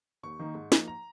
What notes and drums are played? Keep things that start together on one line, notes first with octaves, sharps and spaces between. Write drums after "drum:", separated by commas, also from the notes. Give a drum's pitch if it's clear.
D#2 C#6
D#3 A#3 D#4
G#2
F3 A#3 D#4, drum: snare
A#5